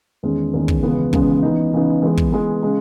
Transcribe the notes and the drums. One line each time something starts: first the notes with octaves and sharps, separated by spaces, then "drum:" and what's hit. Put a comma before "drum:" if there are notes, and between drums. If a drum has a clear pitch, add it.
E2 D#3 G#3 C#4
E2 D#3 G#3 C#4
drum: kick
C#2 C#3 E3 G#3 B3
C#2 C#3 E3 G#3 B3, drum: kick
C#3 E3 B3 D#4
C#3 E3 B3 D#4
E3 G#3 B3
drum: kick
E3 G#3 B3
C#3 G#3